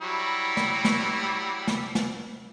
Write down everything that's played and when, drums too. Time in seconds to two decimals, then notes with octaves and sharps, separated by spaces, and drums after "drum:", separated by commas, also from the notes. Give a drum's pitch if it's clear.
0.02 F#3 G3 E4
0.57 drum: snare
0.85 drum: snare
1.67 drum: snare
1.95 drum: snare